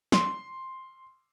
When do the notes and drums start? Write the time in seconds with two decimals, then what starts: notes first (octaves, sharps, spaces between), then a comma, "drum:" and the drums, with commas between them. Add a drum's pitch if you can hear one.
0.12 C6, drum: snare